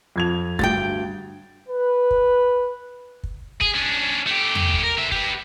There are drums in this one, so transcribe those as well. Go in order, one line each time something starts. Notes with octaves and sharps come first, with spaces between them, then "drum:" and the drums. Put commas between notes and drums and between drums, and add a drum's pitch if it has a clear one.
F2 G#6 F7
D2 G2 G5 A6, drum: kick
B4
drum: kick
drum: kick
G#4, drum: kick
C#4 D4
A3 G4
drum: tom E2
drum: kick
A#4
D3 E5
G4 B4, drum: kick